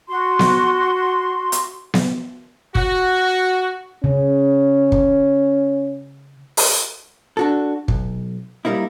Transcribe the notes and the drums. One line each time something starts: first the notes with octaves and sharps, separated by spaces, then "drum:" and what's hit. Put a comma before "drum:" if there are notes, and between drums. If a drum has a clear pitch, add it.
F#4 C6
drum: snare B3
drum: hi-hat
drum: snare B3
F#4, drum: kick
C#3 C#4
drum: kick
drum: open hi-hat
D4 F#4 A4
B1, drum: kick
G3 G#3 A#3 D#4 E4